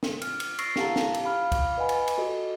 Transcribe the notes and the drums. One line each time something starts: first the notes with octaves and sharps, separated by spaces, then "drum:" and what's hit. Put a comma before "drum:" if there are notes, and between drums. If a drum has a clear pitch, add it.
drum: snare
F6, drum: cymbal
drum: cymbal
C#6 E6 A6 A#6 C7 D7, drum: cymbal
E4 G4 F5 F#5 A5 A#5, drum: snare
drum: snare
drum: cymbal
F5 B5 F6
drum: kick, cymbal
B4 D#5 F#5 G#5 B5
drum: cymbal
drum: cymbal
F#4 A4 D#5